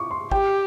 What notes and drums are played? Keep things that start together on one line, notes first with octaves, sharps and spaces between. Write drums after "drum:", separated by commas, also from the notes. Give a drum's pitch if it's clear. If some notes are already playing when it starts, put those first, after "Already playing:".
Already playing: C#6 D6
C6
G4 G5, drum: kick